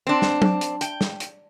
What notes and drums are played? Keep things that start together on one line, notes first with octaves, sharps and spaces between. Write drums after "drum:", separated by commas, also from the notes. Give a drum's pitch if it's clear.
C4 D4
drum: snare
drum: tom F#3
drum: hi-hat
G5, drum: hi-hat
drum: snare
drum: hi-hat